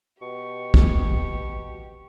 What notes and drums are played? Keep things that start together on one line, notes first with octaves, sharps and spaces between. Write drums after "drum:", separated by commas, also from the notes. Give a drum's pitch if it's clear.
B2 G4 C#6
drum: kick